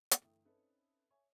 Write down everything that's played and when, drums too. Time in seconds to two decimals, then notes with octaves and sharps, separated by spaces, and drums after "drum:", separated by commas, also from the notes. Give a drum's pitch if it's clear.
0.11 drum: hi-hat
0.21 G1 E3 A3 E5 G5 D#6
0.45 C4 C#4 D#4 A4 B4 E5
1.10 C#5 E5 G#5 C#6